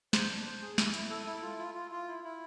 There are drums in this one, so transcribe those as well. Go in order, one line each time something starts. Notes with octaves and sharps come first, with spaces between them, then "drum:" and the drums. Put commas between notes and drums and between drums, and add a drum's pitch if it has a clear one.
C5, drum: snare
D4
C5
G#4
E4, drum: snare
E4, drum: hi-hat
A4
E4
F4
F4
F4
F4
E4
E4